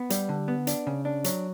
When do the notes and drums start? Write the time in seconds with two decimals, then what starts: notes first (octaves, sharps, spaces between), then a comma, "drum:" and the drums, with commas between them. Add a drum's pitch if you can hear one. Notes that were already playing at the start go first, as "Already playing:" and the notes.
Already playing: B3
0.10 G3, drum: hi-hat
0.29 D3
0.48 B3
0.67 D4, drum: hi-hat
0.87 C#3
1.05 D4
1.24 F#3, drum: hi-hat